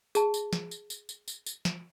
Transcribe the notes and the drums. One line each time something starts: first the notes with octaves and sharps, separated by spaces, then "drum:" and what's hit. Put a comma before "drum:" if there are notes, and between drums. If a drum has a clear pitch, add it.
G#4 A5, drum: tambourine
drum: tambourine
drum: snare
drum: tambourine
drum: tambourine
drum: tambourine
drum: tambourine
drum: tambourine
drum: snare